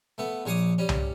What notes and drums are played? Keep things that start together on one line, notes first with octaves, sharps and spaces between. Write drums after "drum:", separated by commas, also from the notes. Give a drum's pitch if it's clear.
A3 B3
A#1 G#4 C#5 D6 D#6
G3 C#4
drum: tom C2